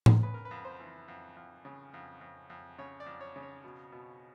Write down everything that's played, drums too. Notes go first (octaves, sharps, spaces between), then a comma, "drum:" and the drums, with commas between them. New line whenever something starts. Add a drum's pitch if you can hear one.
drum: tom A2
C#3 B4
A#4
B4
F2
C5
E3
F2
F2
C#3
F2
F2
F2
C#3 C#5
D5
F2
C#5
C#3
C#5
B2
B2